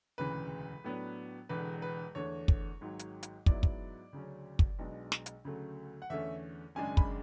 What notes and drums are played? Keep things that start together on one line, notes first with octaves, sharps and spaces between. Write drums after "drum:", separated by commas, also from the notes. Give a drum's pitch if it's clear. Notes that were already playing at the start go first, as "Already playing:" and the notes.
E1 D2 C#3 E3 B4
A2 F#3 B3 D4
E1 E2 D3 B4
B4
E2 D3 A3 D4 C#5
drum: kick
G#1 G#2 F#3
drum: hi-hat
drum: hi-hat
G#2 F#3 B3 E4 D5, drum: kick
drum: kick
D2 C#3 F#3 C#4
drum: kick
B1 B2 G#3 D4
drum: snare
drum: hi-hat
D2 C#3 F#3 A3
F#5
E2 D3 A3 C#4 E5
G#1 F#2 C#3 G#3 D4 G#5
B5, drum: kick